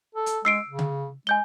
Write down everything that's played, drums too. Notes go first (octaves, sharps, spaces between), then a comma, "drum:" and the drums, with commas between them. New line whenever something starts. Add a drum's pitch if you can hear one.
A4
drum: hi-hat
G#3 E6 C7 D7, drum: snare
C#3
drum: tom C#3
G#3 G#5 G6 G7